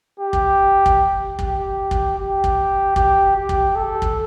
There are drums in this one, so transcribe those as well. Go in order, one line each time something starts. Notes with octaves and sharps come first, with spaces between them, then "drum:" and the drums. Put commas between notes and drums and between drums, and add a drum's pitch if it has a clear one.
G4
drum: kick
drum: kick
G4, drum: kick
drum: kick
G4
drum: kick
G4, drum: kick
G4
drum: kick
A4
drum: kick